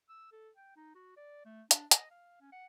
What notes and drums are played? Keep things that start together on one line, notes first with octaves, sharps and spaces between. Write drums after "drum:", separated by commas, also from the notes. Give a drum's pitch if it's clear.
E6
A4
G5
D#4
F#4
D5
A3
D4, drum: hi-hat
D#5, drum: hi-hat
F5
C#4
F#5